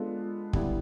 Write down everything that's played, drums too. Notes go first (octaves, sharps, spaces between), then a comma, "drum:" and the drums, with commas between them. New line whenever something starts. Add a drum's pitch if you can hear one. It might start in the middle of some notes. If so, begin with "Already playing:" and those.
Already playing: G#3 B3 D4 F4 A4
D3 G3 B3 E4, drum: kick